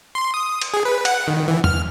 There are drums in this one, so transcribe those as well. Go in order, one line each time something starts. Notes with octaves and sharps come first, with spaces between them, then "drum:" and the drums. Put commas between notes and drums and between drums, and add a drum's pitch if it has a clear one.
C6
D#6
drum: cymbal
G#4
B4
F#5, drum: cymbal
D#3
E3
F6, drum: tom E2